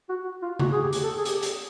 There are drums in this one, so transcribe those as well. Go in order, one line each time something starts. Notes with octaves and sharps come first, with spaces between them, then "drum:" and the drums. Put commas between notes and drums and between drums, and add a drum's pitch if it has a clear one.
F#4
F4
F#4, drum: tom C#3
G#4
G4
drum: hi-hat
A4
G#4
G4, drum: hi-hat
drum: hi-hat